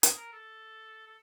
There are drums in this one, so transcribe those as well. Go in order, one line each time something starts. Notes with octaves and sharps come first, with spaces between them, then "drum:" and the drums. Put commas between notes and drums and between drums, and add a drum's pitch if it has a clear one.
G#4, drum: hi-hat
A#4
A4
A4